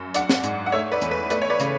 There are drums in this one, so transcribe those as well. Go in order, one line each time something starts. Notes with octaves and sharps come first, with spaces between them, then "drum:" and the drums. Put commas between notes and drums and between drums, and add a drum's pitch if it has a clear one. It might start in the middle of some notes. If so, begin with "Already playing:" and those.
Already playing: F#2
D4 D5 F#5, drum: hi-hat
drum: snare
G#2, drum: hi-hat
F#5
A3 C#5 E5
B4 D5
E2, drum: hi-hat
B4
A3 B4 D5, drum: hi-hat
C#5
B4 D5
C#3, drum: hi-hat